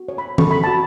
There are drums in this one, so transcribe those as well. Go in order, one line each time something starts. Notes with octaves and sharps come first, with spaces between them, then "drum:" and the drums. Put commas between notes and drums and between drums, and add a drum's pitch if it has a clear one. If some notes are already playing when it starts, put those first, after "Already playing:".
Already playing: F#4
C#5
B5
A4 C#6, drum: tom
B5
F#4 A5